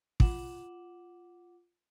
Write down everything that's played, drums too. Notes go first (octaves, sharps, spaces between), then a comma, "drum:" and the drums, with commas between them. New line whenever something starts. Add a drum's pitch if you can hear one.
F4 F#5 D6 E7 F#7, drum: kick